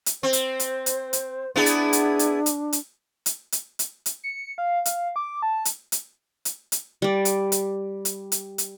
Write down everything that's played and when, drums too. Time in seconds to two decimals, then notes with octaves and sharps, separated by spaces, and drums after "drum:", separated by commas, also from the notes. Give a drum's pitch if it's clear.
0.06 drum: hi-hat
0.23 C4 C5
0.33 drum: hi-hat
0.60 drum: hi-hat
0.86 drum: hi-hat
1.13 drum: hi-hat
1.56 B3 D4 E4 G#4
1.66 drum: hi-hat
1.93 drum: hi-hat
2.19 drum: hi-hat
2.46 drum: hi-hat
2.73 drum: hi-hat
3.26 drum: hi-hat
3.52 drum: hi-hat
3.79 drum: hi-hat
4.06 drum: hi-hat
4.24 C#7
4.58 F5
4.86 F5, drum: hi-hat
5.16 D6
5.42 A5
5.65 drum: hi-hat
5.92 drum: hi-hat
6.45 drum: hi-hat
6.72 drum: hi-hat
7.02 G3 D5
7.25 drum: hi-hat
7.52 drum: hi-hat
8.05 drum: hi-hat
8.32 drum: hi-hat
8.58 drum: hi-hat